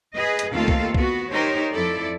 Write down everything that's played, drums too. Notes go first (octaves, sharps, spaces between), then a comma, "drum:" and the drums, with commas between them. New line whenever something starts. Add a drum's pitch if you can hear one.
G#4 B4 D#5
drum: hi-hat
D#2 A3 C4 F4 A4 F5
drum: kick C2
B3 F#4, drum: kick C2
D#4 G4 A#4 C5 C#5
F2 E4 A4 D5